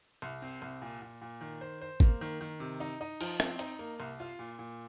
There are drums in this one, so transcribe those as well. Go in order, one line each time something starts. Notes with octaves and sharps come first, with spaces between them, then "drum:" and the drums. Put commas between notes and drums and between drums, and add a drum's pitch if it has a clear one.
C2
C4
C2
A#2
A#2
A#2
D#3
C5
C5
A#3, drum: kick G#1
D#3
D#3
C3
D#4
D#4
F3, drum: cymbal
C4, drum: rim click
D#4, drum: hi-hat
A#3
C2
F4
A#2
A#2